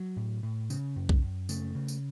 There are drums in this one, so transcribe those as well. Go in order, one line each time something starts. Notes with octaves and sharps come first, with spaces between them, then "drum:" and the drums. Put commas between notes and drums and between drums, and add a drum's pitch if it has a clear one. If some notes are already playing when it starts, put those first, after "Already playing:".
Already playing: F#3
A2
A2
C#3, drum: tambourine
F#2
drum: kick B1
F#2
C#3 A3, drum: tambourine
C#3
drum: tambourine